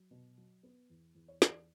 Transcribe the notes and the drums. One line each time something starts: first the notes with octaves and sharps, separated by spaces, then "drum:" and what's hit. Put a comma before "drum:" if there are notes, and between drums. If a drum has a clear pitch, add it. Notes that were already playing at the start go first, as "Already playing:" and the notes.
Already playing: F#3
B2
F#3
B3
E2
E2
C#5
E2, drum: snare
D5